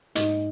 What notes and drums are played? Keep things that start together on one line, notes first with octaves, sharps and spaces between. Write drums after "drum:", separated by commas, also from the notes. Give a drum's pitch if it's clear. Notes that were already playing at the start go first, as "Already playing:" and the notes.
G#2 D#5, drum: hi-hat